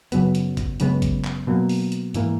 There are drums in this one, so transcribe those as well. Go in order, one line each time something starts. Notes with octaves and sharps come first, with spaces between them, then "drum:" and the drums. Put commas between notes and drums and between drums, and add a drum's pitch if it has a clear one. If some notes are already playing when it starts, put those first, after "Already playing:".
F#2 C#3 F#3 B3, drum: hi-hat
drum: hi-hat
drum: kick G#1, hi-hat
F#2 C#3 G#3 B3, drum: hi-hat
drum: kick G#1, hi-hat
drum: clap
B2 F#3 A#3
drum: open hi-hat
drum: hi-hat
G#2 E3 A#3, drum: hi-hat